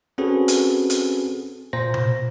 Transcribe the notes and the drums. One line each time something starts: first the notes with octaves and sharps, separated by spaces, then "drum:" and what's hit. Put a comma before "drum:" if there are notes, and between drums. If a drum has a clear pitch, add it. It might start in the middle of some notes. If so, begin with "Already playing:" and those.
C4 C#4 F#4 G#4 A4 B4
drum: hi-hat
drum: hi-hat
A#2 C5 A#6
drum: tom B2